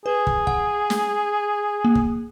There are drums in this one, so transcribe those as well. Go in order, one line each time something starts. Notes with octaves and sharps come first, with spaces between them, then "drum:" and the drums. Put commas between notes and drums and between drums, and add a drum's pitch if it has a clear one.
G#4 B4
drum: kick
F#5, drum: kick
drum: snare
A#3
drum: kick